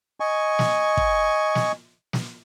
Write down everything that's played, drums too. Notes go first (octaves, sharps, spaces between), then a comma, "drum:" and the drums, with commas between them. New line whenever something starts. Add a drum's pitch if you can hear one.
D#5 G#5 C#6
drum: snare
drum: kick
drum: snare
drum: snare